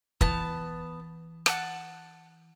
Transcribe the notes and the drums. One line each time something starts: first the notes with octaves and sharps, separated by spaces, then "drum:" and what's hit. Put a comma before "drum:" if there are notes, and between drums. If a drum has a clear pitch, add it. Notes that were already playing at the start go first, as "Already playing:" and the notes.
E3 B3 A5, drum: kick
F#5 A5, drum: rim click